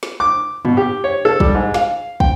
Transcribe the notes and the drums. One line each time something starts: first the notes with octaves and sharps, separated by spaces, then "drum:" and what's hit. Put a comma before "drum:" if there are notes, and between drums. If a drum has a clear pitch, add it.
drum: snare
D6
B2, drum: tom G2
G4
C#5
A4
G3, drum: kick
G#2
F5, drum: snare
G5, drum: kick